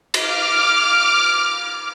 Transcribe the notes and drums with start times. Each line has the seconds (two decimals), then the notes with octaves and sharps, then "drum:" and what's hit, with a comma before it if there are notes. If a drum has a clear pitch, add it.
0.14 D6 F6, drum: cymbal